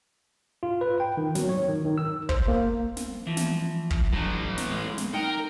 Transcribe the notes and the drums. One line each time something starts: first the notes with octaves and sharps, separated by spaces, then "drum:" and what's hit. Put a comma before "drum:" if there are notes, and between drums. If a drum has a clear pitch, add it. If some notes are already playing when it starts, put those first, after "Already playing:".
F4
B4
G5
D#3
F#3, drum: snare
C#5
D#3
D#3
E6
C5, drum: kick
A#3
drum: snare
E3 F3
drum: snare
drum: kick
A2 D3 E3 F#3
drum: snare
G#3
drum: snare
D#4 A#4 F#5 G5